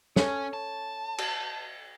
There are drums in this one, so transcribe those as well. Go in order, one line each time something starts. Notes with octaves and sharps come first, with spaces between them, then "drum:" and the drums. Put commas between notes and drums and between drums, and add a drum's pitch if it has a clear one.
C#4 A4 C#5, drum: snare
A5
drum: cymbal